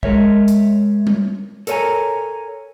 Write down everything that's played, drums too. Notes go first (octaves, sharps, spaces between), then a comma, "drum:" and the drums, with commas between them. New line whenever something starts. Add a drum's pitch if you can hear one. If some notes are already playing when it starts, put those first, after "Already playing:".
G#3 A#4 C#5 E5, drum: kick
drum: hi-hat
drum: tom G3
A4 A#4 C#5 D5 G#5 A#5, drum: hi-hat